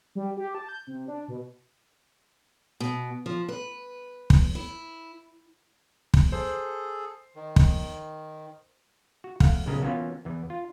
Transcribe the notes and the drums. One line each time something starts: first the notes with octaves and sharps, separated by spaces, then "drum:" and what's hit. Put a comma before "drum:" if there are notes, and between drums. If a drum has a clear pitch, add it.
G3
G4
A5
G6
C3
D4
B2
B2
F3
B4
drum: kick
E4
drum: kick
G#4 A4 C5
D#3
drum: kick
F#4
A3 F5 F#5, drum: kick
B1 A2 C#3 A#4 D#5
E3 A#3 B3 C#4 F4 F#4
E2 E3
F4